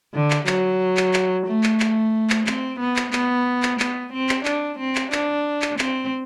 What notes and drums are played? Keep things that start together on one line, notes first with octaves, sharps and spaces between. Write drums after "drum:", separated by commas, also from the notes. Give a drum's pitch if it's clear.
D3
drum: clap
F#3, drum: clap
drum: clap
drum: clap
A3
drum: clap
drum: clap
drum: clap
C4, drum: clap
B3
drum: clap
B3, drum: clap
drum: clap
B3, drum: clap
C4
drum: clap
D4, drum: clap
C4
drum: clap
D4, drum: clap
drum: clap
C4, drum: clap